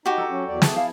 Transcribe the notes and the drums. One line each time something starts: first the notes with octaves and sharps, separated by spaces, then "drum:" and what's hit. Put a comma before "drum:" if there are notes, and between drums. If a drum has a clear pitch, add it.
D#4 F#4 G4
A4 A#5
F#3 C#4
E2 F#3 D5
E4 G#4 A5, drum: snare
F5